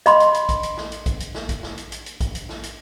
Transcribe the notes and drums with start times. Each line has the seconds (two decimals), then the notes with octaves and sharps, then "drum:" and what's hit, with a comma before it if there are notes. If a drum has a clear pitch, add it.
0.06 D#5 B5 C6, drum: hi-hat
0.20 drum: hi-hat
0.34 drum: hi-hat
0.49 drum: kick A#1, hi-hat
0.63 drum: hi-hat
0.77 drum: snare
0.92 drum: hi-hat
1.06 drum: kick A#1, hi-hat
1.20 drum: hi-hat
1.35 drum: snare
1.49 drum: kick A#1, hi-hat
1.63 drum: snare
1.78 drum: hi-hat
1.92 drum: hi-hat
2.06 drum: hi-hat
2.20 drum: kick A#1, hi-hat
2.35 drum: hi-hat
2.49 drum: snare
2.63 drum: hi-hat